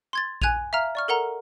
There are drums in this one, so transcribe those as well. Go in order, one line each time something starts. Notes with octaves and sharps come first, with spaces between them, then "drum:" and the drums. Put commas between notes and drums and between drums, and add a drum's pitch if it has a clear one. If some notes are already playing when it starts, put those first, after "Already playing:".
C6 G#6 A6
G#5 F#6 G#6 D#7 F7, drum: kick A#1
E5 F5 A#5 F6
D5 C#6 F6
A4 A#4 F#5 A#5